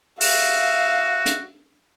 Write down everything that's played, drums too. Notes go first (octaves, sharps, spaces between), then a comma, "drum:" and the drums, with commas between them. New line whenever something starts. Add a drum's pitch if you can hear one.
F#4 E5 F5, drum: open hi-hat
drum: hi-hat